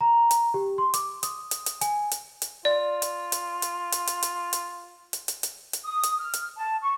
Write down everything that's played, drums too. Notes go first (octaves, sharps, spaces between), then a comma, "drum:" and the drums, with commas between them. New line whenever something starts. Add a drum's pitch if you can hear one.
A#5
drum: hi-hat
G4
C6
D6, drum: hi-hat
D#6, drum: hi-hat
drum: hi-hat
drum: hi-hat
G#5, drum: hi-hat
drum: hi-hat
drum: hi-hat
F4 D5
drum: hi-hat
drum: hi-hat
drum: hi-hat
drum: hi-hat
drum: hi-hat
drum: hi-hat
drum: hi-hat
drum: hi-hat
drum: hi-hat
drum: hi-hat
drum: hi-hat
D#6
drum: hi-hat
F6
drum: hi-hat
A5
C#6